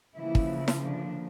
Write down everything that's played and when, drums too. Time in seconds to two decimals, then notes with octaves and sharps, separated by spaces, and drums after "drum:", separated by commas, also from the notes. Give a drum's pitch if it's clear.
0.18 C#3 E3 F3 A#3 E4
0.35 drum: kick
0.68 drum: snare E4
0.84 D3 D4